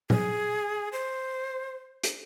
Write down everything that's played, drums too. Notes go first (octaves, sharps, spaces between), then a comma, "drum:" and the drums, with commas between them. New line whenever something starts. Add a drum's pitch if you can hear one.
G#4, drum: tom
C5
drum: hi-hat